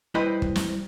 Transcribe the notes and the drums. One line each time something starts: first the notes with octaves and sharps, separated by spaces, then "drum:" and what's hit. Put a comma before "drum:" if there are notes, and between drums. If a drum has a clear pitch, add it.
G3 E4 B4 C5 D#5
drum: kick
drum: snare